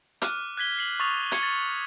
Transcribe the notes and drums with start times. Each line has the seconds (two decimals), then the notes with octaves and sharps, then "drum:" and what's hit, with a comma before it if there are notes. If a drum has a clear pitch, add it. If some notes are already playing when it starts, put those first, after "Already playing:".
0.22 D6 F6 F#6 D#7, drum: hi-hat
0.57 F#6 G#6 B6 G7
0.78 C7 F#7
1.00 C#6 D#6 A6 F7
1.31 G#6 C#7, drum: hi-hat
1.43 A6